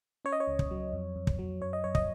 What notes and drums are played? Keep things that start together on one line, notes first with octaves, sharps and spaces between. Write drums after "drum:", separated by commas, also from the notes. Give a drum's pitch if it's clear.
C#4 C#5
D#5
C#5
C#2
drum: kick
F#3
F2
F2
drum: kick
F#3
F#2 C#5
D#5
F#2 C#5
D#5, drum: kick